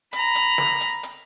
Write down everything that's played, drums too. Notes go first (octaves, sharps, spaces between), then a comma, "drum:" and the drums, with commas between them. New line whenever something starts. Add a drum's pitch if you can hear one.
A#5 B5, drum: hi-hat
drum: hi-hat
drum: snare
drum: hi-hat
drum: hi-hat